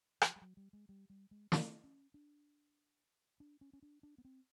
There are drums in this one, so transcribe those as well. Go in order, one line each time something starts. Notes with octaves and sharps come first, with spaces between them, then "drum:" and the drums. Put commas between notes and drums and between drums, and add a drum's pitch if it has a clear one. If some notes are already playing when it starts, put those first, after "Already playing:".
E3, drum: rim click
F3
G3
F#3
G3
G#3
G3
G3
G#3
C4, drum: snare
C#4
D4
D4
C#4
C#4
D4
D4
B3
C4